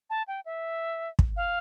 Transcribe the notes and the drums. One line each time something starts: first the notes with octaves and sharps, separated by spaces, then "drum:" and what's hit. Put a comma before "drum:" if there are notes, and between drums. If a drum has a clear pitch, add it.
A5
G5
E5
drum: kick
F5